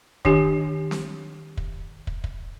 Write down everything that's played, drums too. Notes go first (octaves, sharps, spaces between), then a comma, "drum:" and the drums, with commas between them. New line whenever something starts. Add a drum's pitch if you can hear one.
D#3 D4 G4 G#5, drum: kick
drum: snare C4
drum: kick
drum: kick
drum: kick